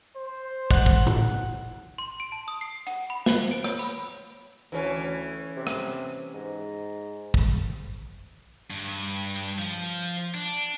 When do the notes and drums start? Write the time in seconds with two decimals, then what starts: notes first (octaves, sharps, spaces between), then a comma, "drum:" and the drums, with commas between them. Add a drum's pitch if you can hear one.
0.16 C5
0.71 F#5, drum: kick
0.86 drum: kick
1.07 drum: tom A2
1.98 C6
2.20 D7
2.32 A5
2.48 D#6
2.61 C7
2.87 F#5, drum: hi-hat
3.10 B5
3.26 C5, drum: snare
3.51 D7
3.64 C#5, drum: rim click
3.79 B5, drum: tambourine
4.72 D2 E3 C#4
5.57 C3
5.67 drum: rim click
6.34 G#2
7.34 drum: kick
8.71 G2
9.36 drum: cymbal
9.59 F3, drum: hi-hat
10.35 D4